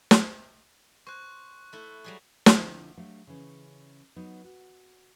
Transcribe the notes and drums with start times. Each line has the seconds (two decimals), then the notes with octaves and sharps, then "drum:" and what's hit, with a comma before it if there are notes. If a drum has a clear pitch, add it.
0.11 drum: snare
1.07 C5 G#5 C#6 F#6
1.73 A3 E4
2.04 F#3 G3 G#4
2.46 D3 F3 C4 D4 E4, drum: snare
2.97 F#3 A3 D4 G4 F5
3.27 C#3 E3 C#4 G#4
4.16 F#3 B3 D#4 B4
4.45 F#4